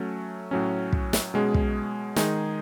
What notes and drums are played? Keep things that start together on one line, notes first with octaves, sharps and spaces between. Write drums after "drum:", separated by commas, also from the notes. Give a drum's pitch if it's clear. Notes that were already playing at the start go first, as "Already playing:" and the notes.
Already playing: F#3 A3 C#4
A2 F#3 C#4
drum: kick
drum: snare
B2 G#3 C#4 G#4
drum: kick
D#3 G#3 D#4 G#4, drum: snare